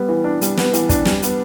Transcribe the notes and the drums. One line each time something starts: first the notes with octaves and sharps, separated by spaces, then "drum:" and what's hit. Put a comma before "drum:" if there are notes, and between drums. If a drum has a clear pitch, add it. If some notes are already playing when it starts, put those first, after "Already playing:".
Already playing: G3 B3
E3
D4
G3, drum: hi-hat
B3, drum: snare
E3, drum: hi-hat
D4, drum: kick, hi-hat
G3, drum: snare
B3, drum: hi-hat